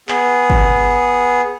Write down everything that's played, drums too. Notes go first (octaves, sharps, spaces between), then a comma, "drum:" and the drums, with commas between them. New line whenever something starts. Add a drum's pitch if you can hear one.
B3 G#4, drum: clap
drum: kick